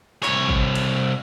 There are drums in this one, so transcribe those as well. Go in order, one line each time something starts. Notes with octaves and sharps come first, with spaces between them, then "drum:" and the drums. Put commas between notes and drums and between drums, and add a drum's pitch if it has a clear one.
C2 C#5, drum: clap
drum: kick
drum: cymbal